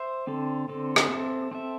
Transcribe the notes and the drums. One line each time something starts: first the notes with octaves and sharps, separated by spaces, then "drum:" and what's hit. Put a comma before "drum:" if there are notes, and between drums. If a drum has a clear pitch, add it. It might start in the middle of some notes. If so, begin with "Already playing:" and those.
Already playing: C5 E5
D3 C4 A4
D3 C4 A4
drum: rim click
C4 A4 E5
C4 A4 E5